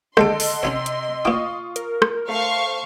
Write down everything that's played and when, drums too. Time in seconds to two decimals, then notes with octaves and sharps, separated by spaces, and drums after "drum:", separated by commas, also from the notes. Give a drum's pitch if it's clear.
0.17 D#2 D3 G#3 A4 D#5 C6 C#6 D7, drum: rim click
0.40 drum: open hi-hat
0.63 C3 C#4 D#4 C#5
0.86 drum: hi-hat
1.25 A#2 F4 G5 C#6 D#6
1.76 A#4, drum: hi-hat
2.02 drum: rim click
2.28 A3 C5 F5 C#6